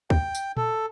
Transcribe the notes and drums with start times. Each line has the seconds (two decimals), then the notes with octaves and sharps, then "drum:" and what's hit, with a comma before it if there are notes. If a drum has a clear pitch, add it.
0.10 G5, drum: kick
0.35 drum: tambourine
0.57 A4, drum: tom